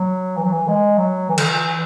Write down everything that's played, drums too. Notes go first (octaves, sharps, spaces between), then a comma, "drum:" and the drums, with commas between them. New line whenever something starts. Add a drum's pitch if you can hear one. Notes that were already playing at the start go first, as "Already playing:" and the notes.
Already playing: F#3
E3
F#3
E3
G#3
F#3
E3
D3, drum: cymbal
E3